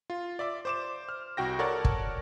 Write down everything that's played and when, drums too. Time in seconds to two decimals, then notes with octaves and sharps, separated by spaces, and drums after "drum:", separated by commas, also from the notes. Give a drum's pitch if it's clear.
0.10 F4
0.39 D5 E5 D6
0.65 C5 D6 E7
1.09 F6
1.37 C2 F#4 G5 A#6
1.59 A4 A#4 C#5 D5 F#5 A5
1.85 drum: kick